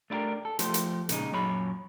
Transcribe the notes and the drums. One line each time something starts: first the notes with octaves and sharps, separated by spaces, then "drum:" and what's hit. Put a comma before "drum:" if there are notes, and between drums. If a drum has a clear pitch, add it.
A3 D4 E4 G4 A#4
A4
F3 A3 G4 C5, drum: hi-hat
drum: hi-hat
A#2 C#3 G#3 D#4, drum: hi-hat
F#2 A#2 F#3 C#5 B5